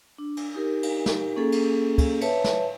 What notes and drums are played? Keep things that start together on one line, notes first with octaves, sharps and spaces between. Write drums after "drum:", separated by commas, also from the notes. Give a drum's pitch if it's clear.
D4
drum: cymbal
D#4 G4 A#4
drum: cymbal
drum: snare
A#3 C#4 G#4 A4
drum: cymbal
drum: kick, cymbal
B4 C#5 E5 A5, drum: cymbal
drum: snare